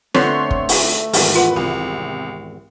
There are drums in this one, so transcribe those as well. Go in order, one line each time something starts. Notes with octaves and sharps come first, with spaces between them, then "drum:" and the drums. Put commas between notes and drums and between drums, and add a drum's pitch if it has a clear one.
D3 A3 B3 C4 C#5 C6 C#6, drum: snare
drum: kick
drum: open hi-hat
G#1 E2 G3, drum: open hi-hat
F4 B4 F#5
C2